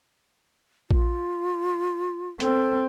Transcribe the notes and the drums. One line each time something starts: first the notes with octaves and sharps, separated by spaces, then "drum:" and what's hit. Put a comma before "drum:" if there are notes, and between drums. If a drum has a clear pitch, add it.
F4, drum: kick A#1
C4 A4, drum: hi-hat